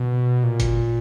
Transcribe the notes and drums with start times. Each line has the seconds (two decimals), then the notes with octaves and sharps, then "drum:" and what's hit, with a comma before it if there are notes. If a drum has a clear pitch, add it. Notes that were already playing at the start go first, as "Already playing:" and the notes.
Already playing: B2
0.43 A#2
0.60 drum: kick G1, hi-hat